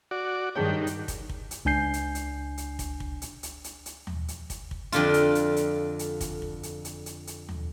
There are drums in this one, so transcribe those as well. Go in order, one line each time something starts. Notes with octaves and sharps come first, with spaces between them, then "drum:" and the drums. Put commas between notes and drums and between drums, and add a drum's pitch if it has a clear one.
F#4 D5
G2 D#3 D#4 G#4 C#5 G5
drum: hi-hat
drum: kick, hi-hat
drum: kick
drum: hi-hat
C#2 D4 G#5 G6 C7
drum: hi-hat
drum: hi-hat
drum: hi-hat
drum: kick, hi-hat
drum: kick
drum: hi-hat
drum: hi-hat
drum: hi-hat
drum: hi-hat
drum: tom D#2
drum: hi-hat
drum: kick, hi-hat
drum: kick
F2 D3 F4, drum: hi-hat
drum: hi-hat
drum: hi-hat
drum: hi-hat
drum: hi-hat
drum: kick, hi-hat
drum: kick
drum: hi-hat
drum: hi-hat
drum: hi-hat
drum: hi-hat
drum: tom D#2